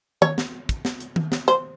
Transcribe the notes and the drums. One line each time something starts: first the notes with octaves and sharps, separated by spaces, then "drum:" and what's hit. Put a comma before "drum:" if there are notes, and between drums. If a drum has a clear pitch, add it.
C#5, drum: tom D#3
drum: snare
drum: kick, hi-hat
drum: snare
drum: hi-hat
drum: tom D#3
drum: snare
C5, drum: hi-hat